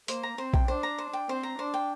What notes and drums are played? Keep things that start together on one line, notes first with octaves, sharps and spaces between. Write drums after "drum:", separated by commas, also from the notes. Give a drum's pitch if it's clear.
A#3 C5, drum: hi-hat
A#5
C4 C5
G5, drum: kick A#1
D4 C5
A#5
C5
G5
C4 C5
A#5
D4 C5
G5